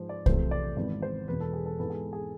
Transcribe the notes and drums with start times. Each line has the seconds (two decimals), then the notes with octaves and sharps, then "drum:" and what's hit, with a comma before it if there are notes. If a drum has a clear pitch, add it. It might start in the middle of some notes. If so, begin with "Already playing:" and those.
Already playing: G#2 F3 G#3 C5
0.09 D5
0.26 F1 E2 C3 F3 A3 C5, drum: kick B1
0.51 D5
0.77 G#1 G#2 E3 B3 D5
1.02 C5
1.28 E1 E2 B2 B4
1.40 A4
1.53 G#4
1.66 A4
1.79 G#2 E3 B3 A4
1.90 G#4
2.13 G#4